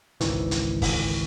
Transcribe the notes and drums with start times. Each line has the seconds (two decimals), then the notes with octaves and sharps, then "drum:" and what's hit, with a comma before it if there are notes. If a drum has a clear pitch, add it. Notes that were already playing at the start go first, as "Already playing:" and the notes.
0.21 G#1 C#2 D#3 E3, drum: hi-hat
0.51 drum: hi-hat
0.82 drum: kick, open hi-hat